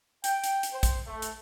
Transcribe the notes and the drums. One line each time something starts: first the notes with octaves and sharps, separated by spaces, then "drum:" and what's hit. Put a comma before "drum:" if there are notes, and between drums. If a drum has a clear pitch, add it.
G5, drum: hi-hat
drum: hi-hat
drum: hi-hat
C5
drum: kick A#1, hi-hat
A3
drum: hi-hat